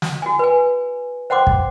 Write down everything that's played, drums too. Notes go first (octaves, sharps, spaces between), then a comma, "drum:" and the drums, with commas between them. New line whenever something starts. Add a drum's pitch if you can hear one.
drum: snare
F#4 G#5
B4 G#5
C5 F#5 G5 C6 D6
drum: kick